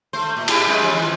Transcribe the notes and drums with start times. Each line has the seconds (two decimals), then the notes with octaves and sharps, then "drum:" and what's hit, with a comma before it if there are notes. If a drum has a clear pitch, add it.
0.13 A3 C5
0.37 A#2
0.48 E4 G4 G#4, drum: cymbal
0.67 F#2 G#3 B4
0.83 F3
0.94 E3 C5